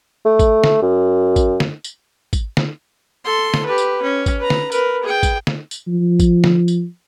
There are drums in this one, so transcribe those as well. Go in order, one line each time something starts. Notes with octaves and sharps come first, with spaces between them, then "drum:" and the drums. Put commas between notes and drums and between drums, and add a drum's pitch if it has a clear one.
A3
drum: kick G#1, tambourine
drum: snare
F#2
drum: kick G#1, tambourine
drum: snare
drum: tambourine
drum: kick G#1, tambourine
drum: snare
A4 C6
drum: snare
G4 B4
drum: tambourine
C#4
drum: kick G#1, tambourine
B4 A#5
drum: snare
A#4 B4, drum: tambourine
G#4 G5
drum: kick G#1, tambourine
drum: snare
drum: tambourine
F3
drum: kick G#1, tambourine
drum: snare
drum: tambourine